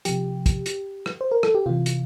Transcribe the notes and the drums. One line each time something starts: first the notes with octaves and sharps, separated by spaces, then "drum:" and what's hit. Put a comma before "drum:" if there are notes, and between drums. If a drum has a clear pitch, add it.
C3 F3 G4, drum: hi-hat
drum: kick, hi-hat
drum: hi-hat
drum: rim click
C5
A#4
A4, drum: rim click
G4
C3 E3 F4
drum: hi-hat